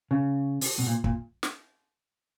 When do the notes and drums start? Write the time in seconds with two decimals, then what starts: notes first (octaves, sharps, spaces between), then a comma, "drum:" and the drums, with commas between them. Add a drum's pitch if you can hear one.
0.11 C#3
0.61 drum: open hi-hat
0.78 B2
0.87 A#2
1.04 A#2, drum: kick
1.43 drum: snare